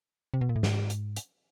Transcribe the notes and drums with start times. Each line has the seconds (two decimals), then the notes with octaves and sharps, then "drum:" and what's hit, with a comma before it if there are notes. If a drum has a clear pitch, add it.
0.34 C3
0.41 B2
0.49 A#2
0.56 A2
0.63 G#2, drum: snare
0.90 drum: hi-hat
1.16 drum: hi-hat